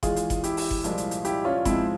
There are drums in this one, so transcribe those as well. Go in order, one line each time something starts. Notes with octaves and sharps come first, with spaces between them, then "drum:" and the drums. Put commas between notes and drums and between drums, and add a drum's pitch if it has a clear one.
E2 E3 G#3 F4 G#4, drum: kick F#1, hi-hat
drum: hi-hat
drum: kick F#1, hi-hat
E4 G4, drum: hi-hat
drum: open hi-hat
drum: kick F#1
C2 A#2 F3 G#3, drum: hi-hat
drum: hi-hat
drum: hi-hat
E4 G4, drum: hi-hat
C#4 F4
G#2 F3 G#3 C4 E4, drum: kick F#1, hi-hat